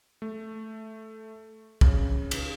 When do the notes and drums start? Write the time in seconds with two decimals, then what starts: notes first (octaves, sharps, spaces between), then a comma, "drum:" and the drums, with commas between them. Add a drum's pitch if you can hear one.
0.22 A3
1.81 C#3, drum: kick
2.31 drum: cymbal